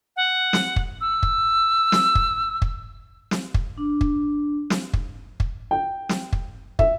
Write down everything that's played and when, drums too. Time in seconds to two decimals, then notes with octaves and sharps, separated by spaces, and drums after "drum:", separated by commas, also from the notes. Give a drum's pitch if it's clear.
0.16 F#5
0.53 drum: snare
0.76 drum: kick
1.01 E6
1.23 drum: kick
1.92 drum: snare
2.15 drum: kick
2.62 drum: kick
3.31 drum: snare
3.54 drum: kick
3.78 D4
4.01 drum: kick
4.70 drum: snare
4.93 drum: kick
5.40 drum: kick
5.71 G5
6.09 drum: snare
6.33 drum: kick
6.79 E5, drum: kick